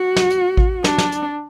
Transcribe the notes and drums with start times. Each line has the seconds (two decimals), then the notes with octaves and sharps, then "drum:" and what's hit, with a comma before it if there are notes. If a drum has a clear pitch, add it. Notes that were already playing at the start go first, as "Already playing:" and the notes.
Already playing: F#4
0.16 drum: snare
0.30 drum: hi-hat
0.57 drum: kick A1
0.84 D4, drum: snare
0.98 drum: snare
1.12 drum: hi-hat